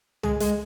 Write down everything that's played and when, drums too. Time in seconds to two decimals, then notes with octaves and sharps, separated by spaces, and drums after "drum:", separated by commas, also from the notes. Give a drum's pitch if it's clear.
0.23 G#3, drum: tom
0.40 G#3, drum: hi-hat